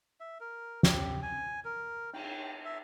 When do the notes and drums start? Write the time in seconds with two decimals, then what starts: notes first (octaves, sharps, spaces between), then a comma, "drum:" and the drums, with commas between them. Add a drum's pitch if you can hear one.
0.20 E5
0.40 A#4
0.83 G4, drum: snare
1.23 G#5
1.65 A#4
2.13 G5, drum: cymbal
2.65 E5